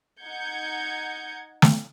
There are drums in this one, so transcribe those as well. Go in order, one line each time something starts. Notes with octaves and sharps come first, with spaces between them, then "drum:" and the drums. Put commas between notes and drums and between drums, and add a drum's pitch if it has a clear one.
D#4 F#5 G6 G#6 C#7
drum: snare